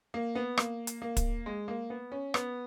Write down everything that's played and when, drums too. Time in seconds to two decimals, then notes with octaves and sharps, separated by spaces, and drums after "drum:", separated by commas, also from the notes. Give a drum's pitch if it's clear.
0.14 A#3
0.35 B3
0.57 A#3, drum: rim click
0.87 drum: hi-hat
1.02 A#3
1.17 drum: kick, hi-hat
1.46 G#3
1.68 A#3
1.90 B3
2.12 C#4
2.34 B3, drum: rim click